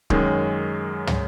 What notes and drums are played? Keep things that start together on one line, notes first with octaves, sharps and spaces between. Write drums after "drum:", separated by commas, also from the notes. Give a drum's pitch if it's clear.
F#2 D#3 G#3 C#4, drum: kick D1
drum: tom